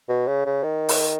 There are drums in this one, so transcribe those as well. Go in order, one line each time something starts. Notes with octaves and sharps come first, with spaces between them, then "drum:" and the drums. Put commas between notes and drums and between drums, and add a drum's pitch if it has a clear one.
B2
C#3
C#3
D#3
drum: open hi-hat